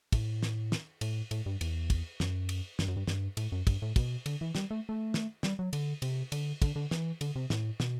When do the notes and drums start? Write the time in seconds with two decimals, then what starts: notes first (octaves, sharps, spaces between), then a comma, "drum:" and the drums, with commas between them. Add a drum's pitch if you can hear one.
0.12 A2, drum: kick, cymbal
0.43 drum: snare
0.72 drum: snare
1.01 A2, drum: cymbal
1.31 A2, drum: cymbal
1.46 G2
1.61 E2, drum: cymbal
1.90 drum: kick, cymbal
2.20 F#2, drum: snare
2.49 drum: cymbal
2.79 G2, drum: snare
2.88 F#2
2.97 G2
3.07 G2, drum: snare
3.37 A2, drum: cymbal
3.52 F#2
3.67 G2, drum: kick, cymbal
3.82 A2
3.96 B2, drum: kick, cymbal
4.26 D3, drum: cymbal
4.41 E3
4.55 G3, drum: snare
4.71 A3
4.89 A3
5.14 drum: snare
5.43 G3, drum: snare
5.59 F#3
5.73 D3, drum: cymbal
6.02 C3, drum: cymbal
6.32 D3, drum: cymbal
6.62 D3, drum: kick, cymbal
6.76 D3
6.91 E3, drum: snare
7.21 D3, drum: cymbal
7.36 C3
7.50 A2, drum: snare
7.80 B2, drum: snare